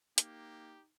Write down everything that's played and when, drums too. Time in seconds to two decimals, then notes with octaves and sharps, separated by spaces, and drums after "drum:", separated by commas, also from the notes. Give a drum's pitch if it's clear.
0.18 A#3 D#4 G4, drum: hi-hat